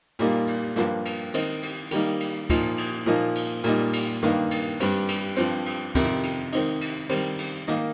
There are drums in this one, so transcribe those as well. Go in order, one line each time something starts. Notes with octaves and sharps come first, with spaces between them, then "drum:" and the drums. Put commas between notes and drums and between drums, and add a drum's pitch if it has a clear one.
A#2 G3 A#3 D#4, drum: cymbal
drum: cymbal
G2 F3 A#3, drum: snare
drum: cymbal
D#3 C4 D#4, drum: cymbal
drum: cymbal
D#3 G3 A#3 D#4, drum: cymbal
drum: cymbal
A#2 F3 D#4, drum: kick, cymbal
drum: cymbal
A#2 F3 A#3 D#4
drum: cymbal
A#2 G3 D#4, drum: cymbal
drum: cymbal
G2 D#3 A#3 D#4, drum: snare
drum: cymbal
G2 G3 C4, drum: cymbal
drum: cymbal
G2 F3 C4, drum: cymbal
drum: cymbal
F2 C3 D#3, drum: kick, cymbal
drum: cymbal
D#3 C4 D#4, drum: cymbal
drum: cymbal
D#3 G3 C4, drum: cymbal
drum: cymbal
D#3 A#3 D#4, drum: snare